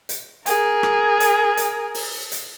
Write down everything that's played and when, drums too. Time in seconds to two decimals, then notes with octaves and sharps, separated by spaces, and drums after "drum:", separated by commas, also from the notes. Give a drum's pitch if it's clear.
0.09 drum: hi-hat
0.46 G#4 A#4, drum: hi-hat
0.83 drum: rim click
1.20 drum: hi-hat
1.57 drum: hi-hat
1.94 drum: open hi-hat
2.32 drum: hi-hat